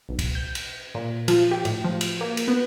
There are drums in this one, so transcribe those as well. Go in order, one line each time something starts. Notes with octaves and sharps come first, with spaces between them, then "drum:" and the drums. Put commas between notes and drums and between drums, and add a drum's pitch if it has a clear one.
B1
drum: kick, cymbal
G6
drum: cymbal
A#2
F3, drum: cymbal
G4
A2, drum: cymbal
F3
drum: cymbal
A#3
drum: cymbal
B3